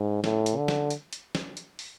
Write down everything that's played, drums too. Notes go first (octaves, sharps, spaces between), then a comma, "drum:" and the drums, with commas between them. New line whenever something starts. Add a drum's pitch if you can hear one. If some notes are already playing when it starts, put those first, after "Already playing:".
Already playing: G#2
A2, drum: snare
drum: hi-hat
D3
drum: snare
drum: hi-hat
drum: hi-hat
drum: snare
drum: hi-hat
drum: open hi-hat